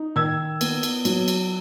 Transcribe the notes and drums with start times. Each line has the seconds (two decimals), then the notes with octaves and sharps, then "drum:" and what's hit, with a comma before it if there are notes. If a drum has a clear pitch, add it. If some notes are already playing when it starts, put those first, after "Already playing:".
Already playing: D#4
0.16 D#3 E6 G#6
0.61 B3, drum: cymbal
0.83 drum: cymbal
1.05 F#3, drum: cymbal
1.28 drum: cymbal